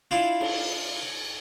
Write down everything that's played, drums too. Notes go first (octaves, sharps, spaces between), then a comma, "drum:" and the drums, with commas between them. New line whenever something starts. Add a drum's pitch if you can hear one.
D4 E4 F4
drum: cymbal